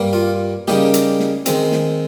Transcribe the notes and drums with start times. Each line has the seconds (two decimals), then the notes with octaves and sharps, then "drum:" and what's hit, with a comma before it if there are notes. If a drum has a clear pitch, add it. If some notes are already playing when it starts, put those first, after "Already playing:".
Already playing: G2 G3 A#3
0.13 F4
0.68 C#3 G3 A#3 D#4 G4, drum: snare
0.94 drum: hi-hat
1.20 drum: snare
1.46 D#3 G#3 C4, drum: hi-hat
1.72 drum: snare